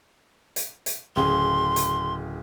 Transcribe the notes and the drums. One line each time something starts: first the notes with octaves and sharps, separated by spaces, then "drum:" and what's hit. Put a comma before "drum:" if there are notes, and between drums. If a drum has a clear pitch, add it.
drum: hi-hat
drum: hi-hat
D1 C#3 G#4 C6
drum: hi-hat